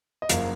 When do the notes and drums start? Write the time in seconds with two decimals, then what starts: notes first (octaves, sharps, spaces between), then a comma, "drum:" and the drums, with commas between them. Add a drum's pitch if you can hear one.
0.22 D#5
0.29 F#1 F#2 F3 A#3 F5, drum: hi-hat